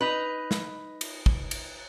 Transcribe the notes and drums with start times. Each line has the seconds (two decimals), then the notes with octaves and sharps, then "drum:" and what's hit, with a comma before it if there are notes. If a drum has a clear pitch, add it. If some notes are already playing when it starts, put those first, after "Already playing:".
0.01 D#4 B4
0.51 drum: snare
1.01 drum: cymbal
1.26 drum: kick
1.51 drum: cymbal